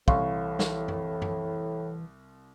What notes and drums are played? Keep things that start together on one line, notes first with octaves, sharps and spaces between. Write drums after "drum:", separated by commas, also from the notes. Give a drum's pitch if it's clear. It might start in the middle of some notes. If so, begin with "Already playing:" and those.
C2 A2 E3 F5 C6 C#6, drum: kick
drum: snare
drum: tom F#2
drum: tom F#2